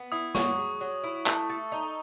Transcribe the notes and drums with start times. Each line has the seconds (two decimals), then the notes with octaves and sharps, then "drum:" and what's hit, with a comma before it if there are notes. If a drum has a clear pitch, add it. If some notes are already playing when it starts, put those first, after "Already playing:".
Already playing: B3
0.12 E4 D#6
0.35 F#3 C#6, drum: snare
0.58 G#4
0.81 F#3
1.04 E4
1.26 A3, drum: clap
1.50 A4
1.72 D#4